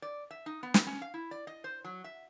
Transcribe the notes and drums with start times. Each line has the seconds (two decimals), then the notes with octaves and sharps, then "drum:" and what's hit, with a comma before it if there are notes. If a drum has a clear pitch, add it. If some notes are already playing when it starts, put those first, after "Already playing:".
0.02 D5
0.31 E5
0.46 D#4
0.63 B3
0.74 drum: snare
0.87 C#4
1.02 F5
1.14 E4
1.31 D5
1.47 D#5
1.64 C5
1.84 F#3
2.04 E5